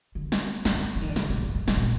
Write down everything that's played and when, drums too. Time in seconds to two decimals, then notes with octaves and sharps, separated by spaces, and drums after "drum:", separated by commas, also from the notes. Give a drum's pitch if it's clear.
0.15 D3
0.32 drum: snare
0.65 D3, drum: snare
0.95 E3
1.02 D#3
1.09 D3
1.16 C#3, drum: snare
1.29 B2
1.43 G#2
1.55 F2
1.68 B2, drum: snare
1.77 A#2